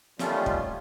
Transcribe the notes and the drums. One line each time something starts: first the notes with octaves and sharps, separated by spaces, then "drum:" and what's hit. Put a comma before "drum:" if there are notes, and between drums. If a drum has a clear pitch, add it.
D#3 F3 G3 A3 C#4 F4, drum: snare
drum: kick